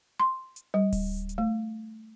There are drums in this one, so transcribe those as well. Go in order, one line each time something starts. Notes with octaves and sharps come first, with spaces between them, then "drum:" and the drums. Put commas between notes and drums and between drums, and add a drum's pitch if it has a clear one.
C6
drum: hi-hat
G3
drum: kick D1, open hi-hat
drum: hi-hat
A3